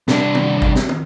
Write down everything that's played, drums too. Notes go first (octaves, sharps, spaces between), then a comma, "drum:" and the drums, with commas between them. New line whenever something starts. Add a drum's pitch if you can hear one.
C2 D4, drum: snare
drum: tom
drum: kick
drum: snare
drum: tom